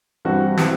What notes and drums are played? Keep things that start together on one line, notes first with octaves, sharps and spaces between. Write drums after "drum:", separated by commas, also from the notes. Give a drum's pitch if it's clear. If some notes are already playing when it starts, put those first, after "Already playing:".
G2 E3 G3 C4 F#4
E3 G3 C4, drum: snare